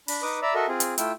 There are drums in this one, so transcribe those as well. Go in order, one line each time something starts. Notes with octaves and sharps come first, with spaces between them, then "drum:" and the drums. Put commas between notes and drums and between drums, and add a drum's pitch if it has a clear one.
D4 B5, drum: open hi-hat
D#4 B4 D6 D#6
D5 E5 A#5 B5 E6
F#4 A4 A#4 D#5 E5
C4 F4 G#4
drum: hi-hat
A3 E4 F4 G5 E6, drum: hi-hat